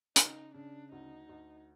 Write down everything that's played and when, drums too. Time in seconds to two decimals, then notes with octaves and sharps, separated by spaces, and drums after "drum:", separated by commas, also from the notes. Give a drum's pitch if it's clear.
0.16 C#3 D#4, drum: hi-hat
0.54 C#3 D4
0.92 D2 D#4
1.29 D2